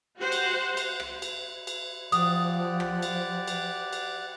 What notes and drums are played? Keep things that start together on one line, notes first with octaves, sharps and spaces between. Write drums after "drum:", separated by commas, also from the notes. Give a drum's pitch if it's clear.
F#4 G4 C5 F#5
drum: cymbal
drum: cymbal
drum: rim click
drum: cymbal
drum: cymbal
F3 G4 D5 F#5 D#6, drum: cymbal
drum: rim click
drum: cymbal
drum: cymbal
drum: cymbal